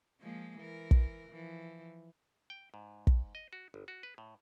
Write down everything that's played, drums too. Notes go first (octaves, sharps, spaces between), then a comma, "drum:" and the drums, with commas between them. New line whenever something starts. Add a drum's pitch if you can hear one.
F3 G#3 A#3
E3 A#4
drum: kick
E3 F3
G5
G#2
drum: kick
D#5
F#4
G1
F#4
B4
A2